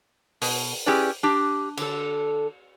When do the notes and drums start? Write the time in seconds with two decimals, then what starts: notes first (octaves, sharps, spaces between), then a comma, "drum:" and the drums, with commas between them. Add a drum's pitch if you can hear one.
0.41 B2, drum: open hi-hat
0.86 C#4 E4 G4 G#4 B4 D5
1.23 D4 G4
1.77 D3 A4, drum: cymbal